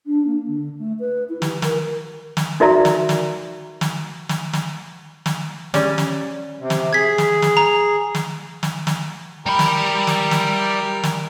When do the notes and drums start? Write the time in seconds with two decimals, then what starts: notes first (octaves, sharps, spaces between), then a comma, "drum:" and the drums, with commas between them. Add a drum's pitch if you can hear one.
0.06 D4
0.27 A#3
0.47 D3
0.79 A3
1.00 B4
1.29 E4
1.42 G4, drum: snare
1.62 A#4, drum: snare
2.37 drum: snare
2.60 D#4 F#4 A#4 D5 E5 A#5
2.85 drum: snare
3.09 drum: snare
3.81 drum: snare
4.29 drum: snare
4.53 drum: snare
5.26 drum: snare
5.74 G3 C#4, drum: snare
5.98 drum: snare
6.60 C3
6.70 drum: snare
6.93 G#4 G#6 B6
7.18 drum: snare
7.42 drum: snare
7.57 A#5
8.15 drum: snare
8.63 drum: snare
8.87 drum: snare
9.46 G3 E4 G4 A#4 B5
9.59 drum: snare
10.07 drum: snare
10.31 drum: snare
11.03 drum: snare